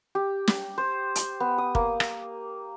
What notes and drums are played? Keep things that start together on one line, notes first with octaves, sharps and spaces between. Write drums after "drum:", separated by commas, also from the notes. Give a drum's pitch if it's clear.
G4
drum: snare
C5
drum: hi-hat
B3
D#6
A#3, drum: kick
drum: rim click